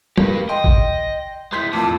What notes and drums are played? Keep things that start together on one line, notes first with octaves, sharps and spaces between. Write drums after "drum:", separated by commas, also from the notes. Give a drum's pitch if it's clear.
A#3 G4 B4, drum: tom
D#5 G5 C6
drum: kick A1
G#3 E4 C6 G6 B6
E1 F2 A2 A5 D6